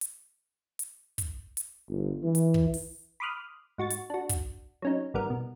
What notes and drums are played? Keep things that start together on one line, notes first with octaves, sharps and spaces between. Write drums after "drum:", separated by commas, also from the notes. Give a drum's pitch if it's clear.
drum: hi-hat
drum: hi-hat
drum: kick, hi-hat
drum: hi-hat
G1
E3
drum: hi-hat
drum: kick
drum: open hi-hat
B5 C6 D6 D#6 F6 F#6
G#2 F#4 C#6 A6
drum: hi-hat
D4 F#4
drum: kick, hi-hat
F#3 C#4 D#4
G#1 G3 B3 A#4
B2